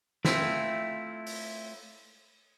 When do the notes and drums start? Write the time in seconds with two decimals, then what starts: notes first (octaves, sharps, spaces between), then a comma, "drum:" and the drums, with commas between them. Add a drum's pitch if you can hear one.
0.25 A3 C4 E4 F4, drum: snare
1.26 drum: open hi-hat